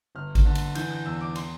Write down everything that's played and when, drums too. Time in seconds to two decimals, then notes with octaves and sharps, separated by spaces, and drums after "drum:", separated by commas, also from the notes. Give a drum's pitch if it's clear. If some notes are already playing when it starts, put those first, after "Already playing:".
0.15 G1 F6
0.35 drum: kick G#1, cymbal
0.45 D3
0.55 drum: cymbal
0.75 E3 G6, drum: cymbal
0.91 G6
1.06 E2 E6
1.21 D6
1.35 C6, drum: cymbal